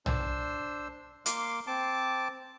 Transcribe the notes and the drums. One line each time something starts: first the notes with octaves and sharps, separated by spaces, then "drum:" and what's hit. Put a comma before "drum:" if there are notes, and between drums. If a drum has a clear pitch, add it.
D4 C5 E6, drum: tom B1
A#3 F5 C6 D6, drum: hi-hat
C4 A5 D6